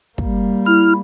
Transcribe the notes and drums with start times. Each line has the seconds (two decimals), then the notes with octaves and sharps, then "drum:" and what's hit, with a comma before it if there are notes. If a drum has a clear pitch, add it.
0.18 G3 A#3, drum: kick
0.66 E4 F6